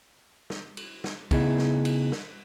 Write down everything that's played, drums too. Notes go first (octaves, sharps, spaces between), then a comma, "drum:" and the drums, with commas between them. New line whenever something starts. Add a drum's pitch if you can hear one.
drum: snare
drum: cymbal
drum: snare
C#3 B3 D#4 E4 G#4, drum: kick, cymbal
drum: snare
drum: cymbal
drum: snare